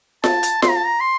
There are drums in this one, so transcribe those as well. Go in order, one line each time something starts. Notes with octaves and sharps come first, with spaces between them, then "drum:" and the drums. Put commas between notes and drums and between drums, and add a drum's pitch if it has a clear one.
A5, drum: snare F4
drum: hi-hat
C6, drum: snare F4
A#5
A5
A#5
C6